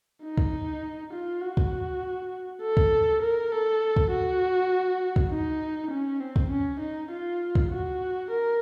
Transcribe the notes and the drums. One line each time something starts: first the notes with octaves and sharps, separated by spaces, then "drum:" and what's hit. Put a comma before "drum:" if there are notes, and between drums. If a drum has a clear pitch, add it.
D#4
drum: kick
F4
F#4
drum: kick
A4
drum: kick
A#4
A4
drum: kick
F#4
drum: kick
D#4
C#4
C4
drum: kick
C#4
D#4
F4
drum: kick
F#4
A#4